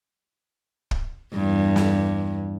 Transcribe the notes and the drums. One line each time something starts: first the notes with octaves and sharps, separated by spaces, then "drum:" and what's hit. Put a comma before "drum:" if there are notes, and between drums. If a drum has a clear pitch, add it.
drum: kick
E2 G2
drum: snare